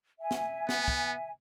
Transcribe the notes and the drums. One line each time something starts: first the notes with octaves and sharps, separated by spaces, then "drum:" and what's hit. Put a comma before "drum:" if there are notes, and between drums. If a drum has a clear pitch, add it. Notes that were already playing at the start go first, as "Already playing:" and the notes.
E5 G#5
drum: snare
B3, drum: snare
drum: kick